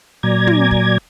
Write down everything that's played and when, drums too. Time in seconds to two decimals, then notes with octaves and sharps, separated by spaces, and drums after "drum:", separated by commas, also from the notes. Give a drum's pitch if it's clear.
0.23 A#2 F#3 D5 G#5 A#5 G#6
0.47 drum: tom
0.71 drum: kick